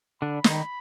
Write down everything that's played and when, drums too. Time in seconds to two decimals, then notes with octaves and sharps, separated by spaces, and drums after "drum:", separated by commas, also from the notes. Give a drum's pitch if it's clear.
0.22 D3 D4 B5
0.44 D#3 D#4, drum: snare